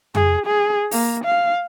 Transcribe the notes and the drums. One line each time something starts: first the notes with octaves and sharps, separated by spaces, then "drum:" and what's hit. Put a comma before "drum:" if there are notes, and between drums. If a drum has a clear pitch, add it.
G#4, drum: tom F2
G#4
A#3, drum: open hi-hat
F5